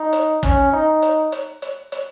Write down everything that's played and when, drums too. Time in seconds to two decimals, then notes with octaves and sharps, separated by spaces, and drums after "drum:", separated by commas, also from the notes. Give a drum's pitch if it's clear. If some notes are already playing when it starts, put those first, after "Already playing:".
Already playing: D#4
0.13 drum: hi-hat
0.43 C#4, drum: kick, hi-hat
0.73 D#4
1.02 drum: hi-hat
1.32 drum: hi-hat
1.62 drum: hi-hat
1.92 drum: hi-hat